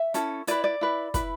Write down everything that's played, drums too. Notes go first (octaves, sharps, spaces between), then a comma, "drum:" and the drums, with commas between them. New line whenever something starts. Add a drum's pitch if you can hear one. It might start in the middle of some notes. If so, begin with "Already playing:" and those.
Already playing: E5
C#4 E4 A4, drum: hi-hat
E4 B4 D5, drum: hi-hat
D5
E4 B4
E4 B4, drum: kick, hi-hat